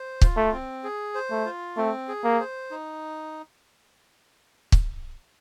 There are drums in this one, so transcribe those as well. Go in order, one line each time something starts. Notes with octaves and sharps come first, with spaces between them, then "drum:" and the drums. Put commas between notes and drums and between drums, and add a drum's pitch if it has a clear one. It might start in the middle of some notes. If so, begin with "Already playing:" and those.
Already playing: C5
F4, drum: kick
A3
C4
G#4
C5
A3
F4
A3 C4
G#4
A#3
C5
D#4
drum: kick